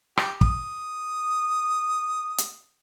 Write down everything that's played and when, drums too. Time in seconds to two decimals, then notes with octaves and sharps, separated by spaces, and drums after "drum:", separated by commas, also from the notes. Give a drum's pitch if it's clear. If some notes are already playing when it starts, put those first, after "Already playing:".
0.17 G4, drum: rim click
0.41 D#6, drum: kick
2.38 drum: hi-hat